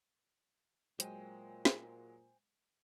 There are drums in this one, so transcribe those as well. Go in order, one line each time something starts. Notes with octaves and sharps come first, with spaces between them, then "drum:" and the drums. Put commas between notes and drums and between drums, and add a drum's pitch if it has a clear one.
A#2 F#3 G#3 C5 G5 G#5, drum: hi-hat
drum: snare